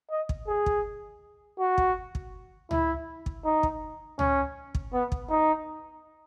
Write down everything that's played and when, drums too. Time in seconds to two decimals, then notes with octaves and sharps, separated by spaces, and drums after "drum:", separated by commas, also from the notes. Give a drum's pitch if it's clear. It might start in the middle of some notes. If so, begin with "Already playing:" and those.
0.11 D#5
0.29 drum: kick
0.48 G#4
0.66 drum: kick
1.59 F#4
1.78 drum: kick
2.15 drum: kick
2.71 E4, drum: tom C#2
3.26 drum: kick
3.44 D#4
3.63 drum: kick
4.19 C#4, drum: tom C#2
4.75 drum: kick
4.93 B3
5.12 drum: kick
5.30 D#4